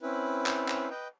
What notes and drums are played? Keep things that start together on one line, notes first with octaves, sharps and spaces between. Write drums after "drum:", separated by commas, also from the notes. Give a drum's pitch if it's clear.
C4 C#4 E4 B4
drum: clap
drum: clap
B4 D#5 G5